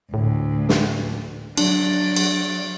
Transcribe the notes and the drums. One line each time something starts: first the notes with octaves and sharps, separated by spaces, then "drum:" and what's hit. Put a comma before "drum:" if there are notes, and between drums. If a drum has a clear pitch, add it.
D2 A2
drum: snare
F#3 D4 D5, drum: cymbal
drum: cymbal